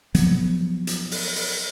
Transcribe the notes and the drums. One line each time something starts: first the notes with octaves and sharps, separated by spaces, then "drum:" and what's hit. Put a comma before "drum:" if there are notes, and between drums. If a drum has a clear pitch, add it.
F3 F#3 B3, drum: hi-hat
drum: hi-hat
drum: open hi-hat
drum: open hi-hat